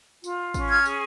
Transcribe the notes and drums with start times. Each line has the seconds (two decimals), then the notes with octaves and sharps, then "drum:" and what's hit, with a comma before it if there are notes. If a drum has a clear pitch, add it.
0.24 F4, drum: tambourine
0.54 C#4, drum: kick, tambourine
0.70 F6 G#6
0.85 G#4, drum: tambourine